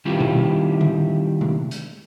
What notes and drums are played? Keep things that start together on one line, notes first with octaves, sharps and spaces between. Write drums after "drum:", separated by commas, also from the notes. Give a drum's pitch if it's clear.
D#3 G3 C4 E4 F4 G4
drum: tom B2
drum: tom D3
drum: tom C3
drum: hi-hat